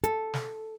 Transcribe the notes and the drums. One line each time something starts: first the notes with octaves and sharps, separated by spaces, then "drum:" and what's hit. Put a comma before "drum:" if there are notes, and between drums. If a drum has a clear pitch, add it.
A4, drum: hi-hat
drum: snare